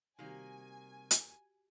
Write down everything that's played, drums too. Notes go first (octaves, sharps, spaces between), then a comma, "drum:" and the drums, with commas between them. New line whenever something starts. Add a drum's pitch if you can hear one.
C3 D#3 G3 A#3 C4 F#4 G4 G#5
drum: hi-hat